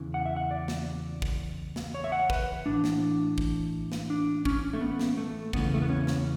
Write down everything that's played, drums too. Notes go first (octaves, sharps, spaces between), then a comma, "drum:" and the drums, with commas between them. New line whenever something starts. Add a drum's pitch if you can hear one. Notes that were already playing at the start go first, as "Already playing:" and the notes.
Already playing: E2 C#3 E3
F#5
E5
F#5
D5
drum: snare
drum: kick
drum: snare
C#5
E5
F#5
B4, drum: kick
A2 E3 D4
drum: snare
drum: kick
drum: snare
D4
C#4, drum: kick
A3
B3
drum: snare
A3
E2 C#3 E3 B3, drum: kick
A3
B3
C#4
drum: snare